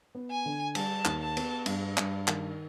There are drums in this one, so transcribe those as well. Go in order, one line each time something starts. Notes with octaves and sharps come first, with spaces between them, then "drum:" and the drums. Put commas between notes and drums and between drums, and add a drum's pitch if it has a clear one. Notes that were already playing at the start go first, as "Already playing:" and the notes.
B3
G#5
D3
G3 A5, drum: cymbal
D#2, drum: clap
A5
B3, drum: cymbal
G2, drum: cymbal
G2, drum: clap
D#3, drum: clap